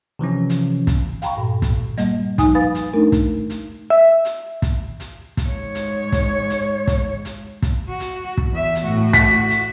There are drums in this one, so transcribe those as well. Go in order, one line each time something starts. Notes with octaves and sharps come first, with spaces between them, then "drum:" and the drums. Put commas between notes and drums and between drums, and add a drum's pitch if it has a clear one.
C3 E3 F3 C#4
drum: hi-hat
drum: kick, hi-hat
F5 G5 A#5 B5 C#6, drum: hi-hat
G2 A#2
drum: kick, hi-hat
G3 A#3 D#5, drum: hi-hat
F3 D#4 G#5 D#6, drum: kick, hi-hat
B4 F5 G#5 B5 D#6 A6
drum: hi-hat
A3 D4 D#4 A#4
drum: kick, hi-hat
drum: hi-hat
E5
drum: hi-hat
drum: kick, hi-hat
drum: hi-hat
drum: kick, hi-hat
G#2 C#5
drum: hi-hat
drum: kick, hi-hat
drum: hi-hat
drum: kick, hi-hat
drum: hi-hat
drum: kick, hi-hat
F#4
drum: hi-hat
drum: kick
E2 E5
drum: hi-hat
A2 F#4
B6, drum: kick, hi-hat
drum: hi-hat